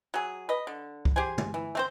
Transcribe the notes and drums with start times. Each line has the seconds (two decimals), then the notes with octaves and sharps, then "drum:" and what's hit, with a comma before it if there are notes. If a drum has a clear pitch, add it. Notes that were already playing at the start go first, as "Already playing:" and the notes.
0.14 F#3 G#4
0.49 B4 D#5
0.67 D3
1.05 drum: kick
1.16 G4 G#4 C5 G#5
1.38 drum: tom
1.54 E3
1.75 A3 C4 C5